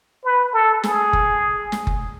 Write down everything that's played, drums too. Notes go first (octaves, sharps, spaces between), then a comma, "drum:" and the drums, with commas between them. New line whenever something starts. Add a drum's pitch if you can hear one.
B4
A4
G#4, drum: snare
drum: kick F#1
drum: snare
drum: kick F#1